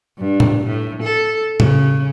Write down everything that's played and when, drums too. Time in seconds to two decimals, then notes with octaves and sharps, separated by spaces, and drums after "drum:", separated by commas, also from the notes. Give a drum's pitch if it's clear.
0.19 G2
0.40 drum: tom A2
0.66 A2
1.02 A4
1.60 C#3, drum: tom A2